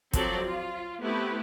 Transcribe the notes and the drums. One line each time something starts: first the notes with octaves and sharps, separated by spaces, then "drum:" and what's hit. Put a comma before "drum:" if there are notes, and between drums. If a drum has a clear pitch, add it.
F3 F#3 C4 A4 D5, drum: kick, hi-hat
F4
A3 B3 C4 E4 G4 B4